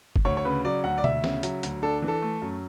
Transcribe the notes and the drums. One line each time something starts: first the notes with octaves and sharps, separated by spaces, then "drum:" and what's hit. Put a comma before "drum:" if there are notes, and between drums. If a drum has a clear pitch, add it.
drum: kick
D2 C#5
C#5
C#3 B4
F#3 D5
D2 F#5
D5
D2 E5, drum: tom B2
C#3, drum: snare
F#3, drum: hi-hat
D2, drum: hi-hat
D4 A4
E3
A4
A3
F#2